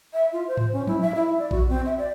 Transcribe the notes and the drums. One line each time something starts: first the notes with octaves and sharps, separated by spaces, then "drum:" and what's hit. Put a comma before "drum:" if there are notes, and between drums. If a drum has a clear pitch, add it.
E5
F4
C5
drum: tom G#2
C#4
E4, drum: tom F3
E5
E4
D5
F#4, drum: kick A#1
C4
E5
D5